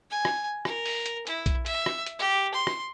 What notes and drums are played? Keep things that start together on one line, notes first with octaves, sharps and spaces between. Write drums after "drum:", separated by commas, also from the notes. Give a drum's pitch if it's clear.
G#5
drum: rim click
A#4, drum: rim click
drum: open hi-hat
drum: hi-hat
E4, drum: hi-hat
drum: kick, hi-hat
E5, drum: hi-hat
drum: rim click
drum: hi-hat
G4
C6
drum: rim click